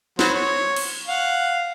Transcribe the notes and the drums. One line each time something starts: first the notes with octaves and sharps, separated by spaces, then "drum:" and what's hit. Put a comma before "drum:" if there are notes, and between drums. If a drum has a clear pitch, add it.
F#3 B3 C5, drum: snare
C#5
drum: cymbal
F5 F#5